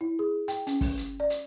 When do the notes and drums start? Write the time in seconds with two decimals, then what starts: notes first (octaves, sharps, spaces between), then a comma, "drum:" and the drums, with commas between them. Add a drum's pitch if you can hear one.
0.01 E4
0.19 G#4
0.48 G5, drum: hi-hat
0.67 C#4, drum: hi-hat
0.81 drum: kick G1, open hi-hat
0.97 drum: hi-hat
1.20 D5
1.30 drum: hi-hat